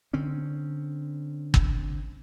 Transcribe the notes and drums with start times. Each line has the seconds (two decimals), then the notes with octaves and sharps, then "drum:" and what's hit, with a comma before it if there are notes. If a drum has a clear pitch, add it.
0.13 D3 C4 C#4
1.54 drum: kick